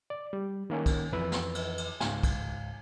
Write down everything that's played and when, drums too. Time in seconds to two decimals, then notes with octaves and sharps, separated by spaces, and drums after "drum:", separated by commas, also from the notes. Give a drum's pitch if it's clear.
0.10 D5
0.33 G3
0.70 D#3 A#3 C#4 G#5
0.86 drum: kick, cymbal
1.12 F2 E3 B4 E6
1.32 drum: snare
1.55 drum: cymbal
1.78 drum: cymbal
2.01 C#2 G#2 F5 G#5, drum: snare
2.23 drum: kick, cymbal